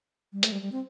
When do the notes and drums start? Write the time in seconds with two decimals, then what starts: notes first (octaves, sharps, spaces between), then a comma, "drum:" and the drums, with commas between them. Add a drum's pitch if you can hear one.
0.33 G3
0.43 A3, drum: hi-hat
0.52 G3
0.62 G3
0.72 C4